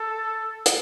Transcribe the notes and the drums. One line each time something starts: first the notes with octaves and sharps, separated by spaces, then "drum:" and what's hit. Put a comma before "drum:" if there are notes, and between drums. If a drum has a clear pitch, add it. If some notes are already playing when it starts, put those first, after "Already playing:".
Already playing: A4
drum: hi-hat